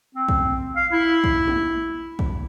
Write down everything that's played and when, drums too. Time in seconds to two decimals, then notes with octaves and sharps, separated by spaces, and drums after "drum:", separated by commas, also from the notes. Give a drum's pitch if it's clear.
0.15 C4
0.29 drum: kick
0.76 F5
0.92 E4
1.24 drum: kick
1.48 drum: tom
2.19 drum: kick